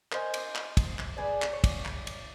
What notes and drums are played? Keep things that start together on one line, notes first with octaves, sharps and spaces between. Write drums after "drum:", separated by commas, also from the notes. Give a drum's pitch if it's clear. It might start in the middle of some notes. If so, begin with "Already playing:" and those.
A#4 C5 D#5 G#5, drum: clap
drum: cymbal
drum: clap
drum: kick, cymbal
drum: clap
D4 G#4 B4
drum: clap
C#5
drum: kick, cymbal
drum: clap
drum: cymbal